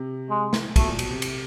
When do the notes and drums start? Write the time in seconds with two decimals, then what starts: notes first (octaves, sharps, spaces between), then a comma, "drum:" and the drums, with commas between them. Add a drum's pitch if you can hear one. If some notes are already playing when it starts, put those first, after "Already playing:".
Already playing: C3
0.30 G#3
0.53 drum: snare
0.76 B2 A3, drum: kick, cymbal
0.87 A#2
0.99 B2, drum: cymbal
1.10 C3
1.22 drum: cymbal